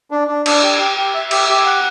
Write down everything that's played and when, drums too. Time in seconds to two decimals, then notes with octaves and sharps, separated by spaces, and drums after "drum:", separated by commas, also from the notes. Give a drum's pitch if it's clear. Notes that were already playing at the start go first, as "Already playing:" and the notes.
0.11 D4
0.28 D4
0.46 D4, drum: cymbal
0.63 G4
0.80 G4
0.97 G4
1.14 E5
1.31 G4, drum: cymbal
1.49 G4
1.66 F#5